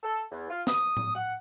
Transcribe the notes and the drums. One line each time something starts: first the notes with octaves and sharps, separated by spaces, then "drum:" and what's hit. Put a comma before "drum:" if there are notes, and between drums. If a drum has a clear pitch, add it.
A4
E2
F4
D#6, drum: snare
drum: tom A2
F#5